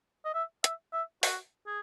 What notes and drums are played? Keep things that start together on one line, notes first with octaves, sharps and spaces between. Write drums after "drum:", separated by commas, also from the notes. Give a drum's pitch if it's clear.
D#5
E5
E5, drum: hi-hat
E5
F#4, drum: open hi-hat
G#4